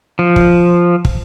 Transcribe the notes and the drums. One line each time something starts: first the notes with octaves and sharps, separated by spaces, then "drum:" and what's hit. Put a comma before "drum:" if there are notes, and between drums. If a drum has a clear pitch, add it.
F3
drum: kick
drum: kick